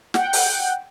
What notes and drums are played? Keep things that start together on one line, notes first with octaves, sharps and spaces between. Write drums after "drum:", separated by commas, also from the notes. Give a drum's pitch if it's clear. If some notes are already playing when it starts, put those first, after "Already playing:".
F#5 G5, drum: snare
drum: open hi-hat